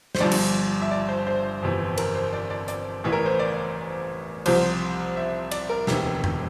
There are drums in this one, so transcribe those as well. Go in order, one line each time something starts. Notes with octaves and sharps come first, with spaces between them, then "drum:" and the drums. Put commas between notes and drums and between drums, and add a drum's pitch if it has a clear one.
C5, drum: snare
G1 G2 F3 D5
drum: cymbal
E5
D5
C5
C5
G1 F2 C3 E3
A#4, drum: cymbal
C5
D5
D5
D5, drum: hi-hat
A1 A2 E3
A#4
C5
D5
C2 C3 F3 C5, drum: cymbal
E5
D5, drum: cymbal
A#4
E1 D2 C3 E3 G4, drum: snare
drum: tom F2